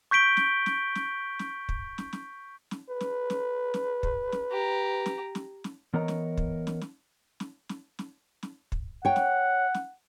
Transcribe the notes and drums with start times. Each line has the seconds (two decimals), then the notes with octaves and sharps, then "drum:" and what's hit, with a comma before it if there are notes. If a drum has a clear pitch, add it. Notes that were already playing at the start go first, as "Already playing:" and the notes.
0.11 C#6 G6 B6 D7 G7
0.37 drum: snare
0.66 drum: snare
0.95 drum: snare
1.39 drum: snare
1.69 drum: kick
1.98 drum: snare
2.13 drum: snare
2.71 drum: snare
2.89 B4
3.01 drum: snare
3.30 drum: snare
3.74 drum: snare
4.03 drum: kick
4.32 drum: snare
4.51 G4 A#5
5.06 drum: snare
5.35 drum: snare
5.64 drum: snare
5.94 E3 B3 A#4 C#5 D#5 A#5
6.08 drum: snare
6.38 drum: kick
6.67 drum: snare
6.81 drum: snare
7.40 drum: snare
7.69 drum: snare
7.99 drum: snare
8.43 drum: snare
8.72 drum: kick
9.05 C#5 F#5 G5
9.16 drum: snare
9.74 drum: snare